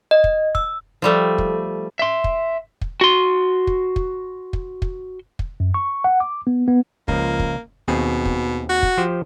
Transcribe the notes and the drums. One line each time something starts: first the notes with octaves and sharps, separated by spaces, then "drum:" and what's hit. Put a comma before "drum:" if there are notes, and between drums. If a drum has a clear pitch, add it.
D#5
drum: kick
E6, drum: kick
F3 G3 A3
drum: kick
E5 C6
drum: kick
drum: kick
F#4 C6
drum: kick
drum: kick
drum: kick
drum: kick
drum: kick
F#2
C#6
F#5
D6
B3
B3
C#2 F3 A#3, drum: kick
drum: kick
D#2 B2 C4 G#4
drum: kick
F#4
drum: kick
F3 G4 C5